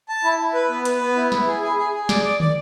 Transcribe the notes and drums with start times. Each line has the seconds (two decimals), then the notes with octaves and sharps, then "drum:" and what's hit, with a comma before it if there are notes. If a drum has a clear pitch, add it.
0.08 A5
0.24 E4
0.38 E4
0.54 B4
0.69 B3
0.85 B4, drum: hi-hat
1.01 B3
1.16 E4
1.32 E4, drum: snare
1.47 G#4
1.62 G#4
1.78 G#4
1.93 G#4
2.09 D5, drum: snare
2.24 D5
2.40 D5, drum: tom